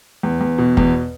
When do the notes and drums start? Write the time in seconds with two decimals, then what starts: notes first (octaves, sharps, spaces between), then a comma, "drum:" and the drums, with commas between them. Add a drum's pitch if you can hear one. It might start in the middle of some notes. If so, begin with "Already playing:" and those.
0.23 E2
0.41 E2
0.58 B2
0.77 E2, drum: kick